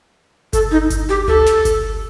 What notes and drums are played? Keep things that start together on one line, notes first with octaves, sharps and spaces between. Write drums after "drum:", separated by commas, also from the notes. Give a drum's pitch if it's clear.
A4, drum: kick G1, hi-hat
D#4
drum: kick G1, hi-hat
G4
A4, drum: tom C#2
drum: snare
drum: kick G1, hi-hat